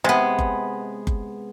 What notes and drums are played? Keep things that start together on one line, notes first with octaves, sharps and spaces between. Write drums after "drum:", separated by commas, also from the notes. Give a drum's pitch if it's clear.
C3 G#3 B3
drum: kick F#1
drum: kick F#1